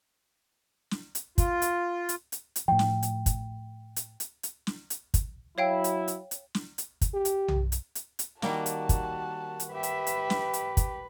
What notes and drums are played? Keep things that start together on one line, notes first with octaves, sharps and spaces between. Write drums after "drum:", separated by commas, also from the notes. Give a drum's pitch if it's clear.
drum: snare
drum: hi-hat
F4, drum: kick, hi-hat
drum: hi-hat
drum: hi-hat
drum: hi-hat
drum: hi-hat
A2 F3 G5
drum: snare
drum: hi-hat
drum: kick, hi-hat
drum: hi-hat
drum: hi-hat
drum: hi-hat
drum: snare
drum: hi-hat
drum: kick, hi-hat
F#3 E4 C#5 F5 G5
drum: hi-hat
drum: hi-hat
drum: hi-hat
drum: snare
drum: hi-hat
drum: kick, hi-hat
G4
drum: hi-hat
drum: tom B1
drum: hi-hat
drum: hi-hat
drum: hi-hat
D#3 G3 A#3 F#4 A5, drum: snare
drum: hi-hat
drum: kick, hi-hat
drum: hi-hat
G4 B4 E5
drum: hi-hat
drum: hi-hat
drum: snare
drum: hi-hat
drum: kick, hi-hat